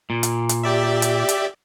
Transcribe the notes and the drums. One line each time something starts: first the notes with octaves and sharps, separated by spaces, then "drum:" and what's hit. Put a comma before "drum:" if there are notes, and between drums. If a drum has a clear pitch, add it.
A#2
drum: hi-hat
drum: hi-hat
G4 D5 E5
drum: hi-hat
drum: hi-hat